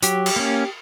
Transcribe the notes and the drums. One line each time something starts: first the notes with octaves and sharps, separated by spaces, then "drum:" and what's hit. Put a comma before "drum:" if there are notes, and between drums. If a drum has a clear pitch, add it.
F#3 G4, drum: hi-hat
drum: cymbal
A#3 C#4